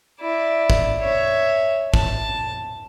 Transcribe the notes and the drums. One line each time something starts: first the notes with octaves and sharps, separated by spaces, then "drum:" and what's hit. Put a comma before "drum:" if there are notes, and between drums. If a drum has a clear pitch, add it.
E4 D5
drum: kick
C#5 E5
A5, drum: kick